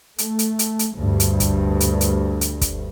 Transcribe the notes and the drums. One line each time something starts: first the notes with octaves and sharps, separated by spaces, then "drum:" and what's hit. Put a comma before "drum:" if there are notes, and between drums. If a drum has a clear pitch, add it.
A3, drum: hi-hat
drum: hi-hat
drum: hi-hat
drum: hi-hat
D2 G2
drum: hi-hat
drum: kick, hi-hat
drum: hi-hat
drum: hi-hat
drum: hi-hat
drum: kick, hi-hat